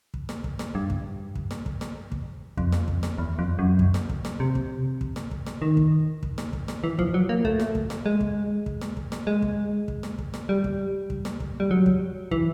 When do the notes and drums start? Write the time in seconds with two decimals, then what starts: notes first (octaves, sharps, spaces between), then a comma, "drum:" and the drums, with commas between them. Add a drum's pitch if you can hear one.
0.14 drum: kick
0.29 drum: snare
0.44 drum: kick
0.59 drum: snare
0.75 G2
0.90 drum: kick
1.35 drum: kick
1.51 drum: snare
1.66 drum: kick
1.81 drum: snare
2.12 drum: kick
2.58 F2, drum: kick
2.72 drum: snare
2.88 drum: kick
3.03 drum: snare
3.18 E2
3.39 F2
3.59 F#2
3.79 drum: kick
3.94 drum: snare
4.10 drum: kick
4.25 drum: snare
4.40 C3
4.55 drum: kick
5.01 drum: kick
5.16 drum: snare
5.31 drum: kick
5.47 drum: snare
5.62 D#3
5.77 drum: kick
6.23 drum: kick
6.38 drum: snare
6.53 drum: kick
6.68 drum: snare
6.84 E3
6.99 F3, drum: kick
7.14 F#3
7.29 A#3
7.45 A3, drum: kick
7.60 drum: snare
7.75 drum: kick
7.90 drum: snare
8.06 G#3
8.21 drum: kick
8.66 drum: kick
8.81 drum: snare
8.97 drum: kick
9.12 drum: snare
9.27 G#3
9.42 drum: kick
9.88 drum: kick
10.03 drum: snare
10.18 drum: kick
10.34 drum: snare
10.49 G3
10.64 drum: kick
11.10 drum: kick
11.25 drum: snare
11.40 drum: kick
11.60 G3
11.71 F#3
11.86 drum: kick
12.31 E3, drum: kick